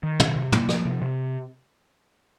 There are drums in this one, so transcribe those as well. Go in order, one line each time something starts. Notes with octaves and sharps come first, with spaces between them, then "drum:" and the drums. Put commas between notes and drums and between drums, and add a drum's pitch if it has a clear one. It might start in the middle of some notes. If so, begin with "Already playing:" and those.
D#3
C3, drum: tom
C3
A#3, drum: tom
F3, drum: rim click
C3
C3